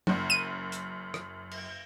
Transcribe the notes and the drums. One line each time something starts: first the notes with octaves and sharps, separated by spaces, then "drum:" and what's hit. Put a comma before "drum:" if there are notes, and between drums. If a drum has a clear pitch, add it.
F#1 F#2, drum: tom
D#7
drum: hi-hat
drum: rim click
drum: cymbal